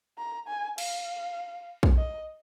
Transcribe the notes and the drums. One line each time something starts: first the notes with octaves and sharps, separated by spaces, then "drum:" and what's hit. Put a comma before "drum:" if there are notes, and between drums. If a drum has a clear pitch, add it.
A#5
G#5
F5, drum: cymbal
drum: kick A#1
D#5